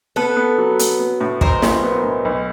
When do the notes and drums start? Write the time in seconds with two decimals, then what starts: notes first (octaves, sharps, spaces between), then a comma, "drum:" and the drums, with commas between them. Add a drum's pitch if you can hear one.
0.16 B3 A4 B4
0.37 B3
0.58 F#3
0.79 B3, drum: hi-hat
0.99 B3
1.21 A2
1.41 B1 A#4 C5, drum: kick
1.62 B1, drum: snare
1.83 B3
2.03 A2
2.25 B1